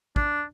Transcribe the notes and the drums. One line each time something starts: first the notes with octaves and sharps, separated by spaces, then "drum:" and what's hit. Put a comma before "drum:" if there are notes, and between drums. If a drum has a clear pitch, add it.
D4, drum: kick